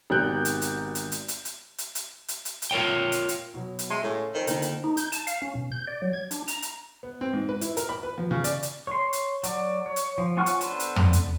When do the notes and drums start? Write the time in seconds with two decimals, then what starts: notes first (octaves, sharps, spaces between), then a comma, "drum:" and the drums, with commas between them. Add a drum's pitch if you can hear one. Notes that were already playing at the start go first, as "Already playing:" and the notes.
0.10 G#1 B2 G4 A#4 F#6 G6
0.45 drum: hi-hat
0.62 drum: hi-hat
0.95 drum: hi-hat
1.12 drum: hi-hat
1.28 drum: hi-hat
1.45 drum: hi-hat
1.78 drum: hi-hat
1.95 drum: hi-hat
2.28 drum: hi-hat
2.45 drum: hi-hat
2.62 drum: hi-hat
2.71 F4 A#4 C#5 G5
3.12 drum: hi-hat
3.29 drum: hi-hat
3.54 B2 F#3 B3
3.79 drum: hi-hat
3.90 G#3 E5 C6 C7
4.03 A2 C#3
4.34 F2 D#3
4.47 D3 D#3 A#3, drum: hi-hat
4.62 drum: hi-hat
4.84 D#4
4.97 G6, drum: hi-hat
5.12 A5, drum: hi-hat
5.27 F5, drum: hi-hat
5.42 C#4
5.55 B2
5.72 G6
5.87 D5
6.02 F#3
6.13 G#6
6.31 D4, drum: hi-hat
6.48 A#5, drum: hi-hat
6.62 drum: hi-hat
7.03 B3
7.21 C4
7.33 G#2
7.49 B4
7.61 E4, drum: hi-hat
7.77 A#4, drum: hi-hat
7.89 B5
8.03 B4
8.18 F3
8.31 C#3
8.44 D5, drum: hi-hat
8.63 drum: hi-hat
8.87 C#5 C6
9.13 drum: hi-hat
9.43 F#3 D5, drum: hi-hat
9.86 C#5
9.96 drum: hi-hat
10.18 F3
10.37 C#4 F4 F#5 C#6 F6
10.46 drum: hi-hat
10.61 B3 D4 A4 B4 C5, drum: hi-hat
10.80 drum: hi-hat
10.96 drum: tom
11.13 drum: hi-hat